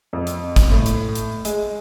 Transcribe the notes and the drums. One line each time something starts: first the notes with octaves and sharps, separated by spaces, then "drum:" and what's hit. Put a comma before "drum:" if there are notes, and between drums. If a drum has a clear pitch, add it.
F2
drum: hi-hat
drum: kick, hi-hat
A2
drum: hi-hat
drum: hi-hat
G#3, drum: hi-hat